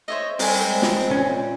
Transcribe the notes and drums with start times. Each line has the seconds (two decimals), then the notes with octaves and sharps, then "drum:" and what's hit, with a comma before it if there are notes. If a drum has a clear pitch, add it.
0.08 C5 C#5 D#5 E5
0.39 G3 C4 A#4 B4 G#5, drum: open hi-hat
0.65 G#3
0.82 drum: snare
1.11 A#2 C#4